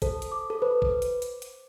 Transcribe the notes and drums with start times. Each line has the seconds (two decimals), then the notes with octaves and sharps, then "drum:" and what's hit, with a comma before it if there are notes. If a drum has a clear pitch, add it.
0.02 A4 C5, drum: kick G#1, hi-hat
0.22 drum: hi-hat
0.32 D6
0.50 A4
0.62 B4 C5
0.82 drum: kick G#1
1.02 drum: hi-hat
1.22 drum: hi-hat
1.42 drum: hi-hat